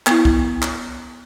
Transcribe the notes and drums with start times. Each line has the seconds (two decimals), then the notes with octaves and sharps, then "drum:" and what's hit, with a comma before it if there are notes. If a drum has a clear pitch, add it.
0.07 B3 E4, drum: clap
0.25 drum: kick
0.62 drum: clap